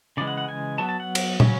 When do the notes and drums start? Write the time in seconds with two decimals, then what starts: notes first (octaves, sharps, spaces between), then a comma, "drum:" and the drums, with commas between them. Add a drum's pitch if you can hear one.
0.17 C#3 E3 G#3 D5
0.27 F#5
0.37 F#5
0.49 G#5
0.78 F#3 B3 A5
0.89 A5
1.00 F#5
1.15 drum: cymbal
1.40 C#3 F#3 C#4, drum: tom